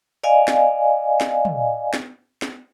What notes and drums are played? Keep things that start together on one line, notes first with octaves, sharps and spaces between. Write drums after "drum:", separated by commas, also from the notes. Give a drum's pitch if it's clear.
D5 D#5 F5 G#5
drum: snare
drum: snare
drum: tom
drum: snare
drum: snare